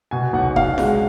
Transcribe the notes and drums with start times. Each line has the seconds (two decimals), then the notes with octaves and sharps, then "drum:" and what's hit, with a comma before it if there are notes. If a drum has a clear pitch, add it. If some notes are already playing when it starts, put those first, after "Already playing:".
0.11 B2 G#5
0.33 B1 F#5
0.56 B1 F5, drum: kick F1
0.78 G#3, drum: snare F4